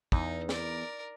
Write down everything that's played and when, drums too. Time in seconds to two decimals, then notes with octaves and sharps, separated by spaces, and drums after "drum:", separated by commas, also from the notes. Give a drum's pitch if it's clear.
0.12 E2 D#4, drum: kick
0.49 A#4 D5, drum: snare